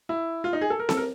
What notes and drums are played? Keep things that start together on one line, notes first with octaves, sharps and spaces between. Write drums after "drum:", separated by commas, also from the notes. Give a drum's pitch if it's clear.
E4
F4
D#4
G#4
A4
A#4
A4, drum: snare C4
A#4